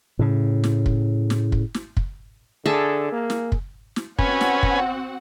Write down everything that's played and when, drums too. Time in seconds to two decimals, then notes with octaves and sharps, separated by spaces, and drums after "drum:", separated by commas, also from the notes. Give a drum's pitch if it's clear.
0.19 A2 C#3
0.64 drum: snare
0.86 drum: kick
1.30 drum: snare
1.52 drum: kick
1.74 drum: snare
1.97 drum: kick
2.66 D3 G#4 E5 A5
3.12 A#3
3.30 drum: snare
3.52 drum: kick
3.96 drum: snare
4.19 C4 C#4 F#4 B4 F#5 G#5, drum: kick
4.41 drum: snare
4.63 drum: kick